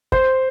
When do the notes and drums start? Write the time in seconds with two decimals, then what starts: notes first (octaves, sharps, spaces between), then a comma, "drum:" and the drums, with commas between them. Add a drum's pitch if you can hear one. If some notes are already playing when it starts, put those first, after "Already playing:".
0.12 C5, drum: kick